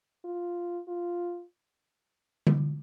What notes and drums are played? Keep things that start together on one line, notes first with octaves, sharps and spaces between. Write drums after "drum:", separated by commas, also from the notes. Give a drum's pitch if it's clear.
F4
F4
drum: tom D3